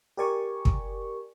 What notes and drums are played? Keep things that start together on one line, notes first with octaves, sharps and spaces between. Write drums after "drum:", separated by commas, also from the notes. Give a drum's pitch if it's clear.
G4 A#4 D5 G#5 C#6
drum: kick